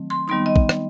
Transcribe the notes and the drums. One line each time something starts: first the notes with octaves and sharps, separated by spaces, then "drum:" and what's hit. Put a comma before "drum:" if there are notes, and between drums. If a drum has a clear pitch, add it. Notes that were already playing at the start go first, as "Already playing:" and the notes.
Already playing: D#3 F#3 A3 C4
C6
D#3 G3 B3 D#4 C6
D#5
drum: kick
drum: rim click